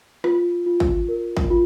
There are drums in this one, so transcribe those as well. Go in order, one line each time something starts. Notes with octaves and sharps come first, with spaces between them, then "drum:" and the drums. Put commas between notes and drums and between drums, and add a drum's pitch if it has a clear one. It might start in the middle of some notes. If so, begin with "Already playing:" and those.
F4, drum: rim click
F4
drum: kick
A#4
drum: kick
F4